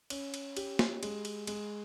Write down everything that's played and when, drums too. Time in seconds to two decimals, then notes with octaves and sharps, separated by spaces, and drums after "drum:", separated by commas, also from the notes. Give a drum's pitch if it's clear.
0.10 C#4, drum: cymbal
0.34 drum: cymbal
0.57 G4, drum: cymbal
0.79 drum: snare
1.03 G#3, drum: cymbal
1.25 drum: cymbal
1.47 G#3, drum: cymbal